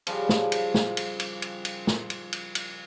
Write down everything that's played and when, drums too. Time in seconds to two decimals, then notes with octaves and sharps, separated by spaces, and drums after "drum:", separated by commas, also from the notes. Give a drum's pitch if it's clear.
0.07 C#3 F3 G3, drum: cymbal
0.29 drum: snare
0.52 drum: cymbal
0.74 drum: snare
0.97 drum: cymbal
1.20 drum: cymbal
1.42 drum: cymbal
1.65 drum: cymbal
1.87 drum: snare
2.10 drum: cymbal
2.32 drum: cymbal
2.55 drum: cymbal